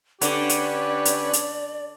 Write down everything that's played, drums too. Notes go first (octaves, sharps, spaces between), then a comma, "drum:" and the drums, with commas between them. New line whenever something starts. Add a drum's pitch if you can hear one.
D3 C#4 G4 B4 D5, drum: hi-hat
drum: hi-hat
drum: hi-hat
drum: hi-hat